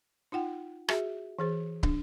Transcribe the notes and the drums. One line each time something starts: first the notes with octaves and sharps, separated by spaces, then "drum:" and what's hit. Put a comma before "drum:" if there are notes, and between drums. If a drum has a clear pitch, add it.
D#4 F4 F#5 G5
F#4 G#4 E5, drum: rim click
E3 G#4 C5
D4, drum: kick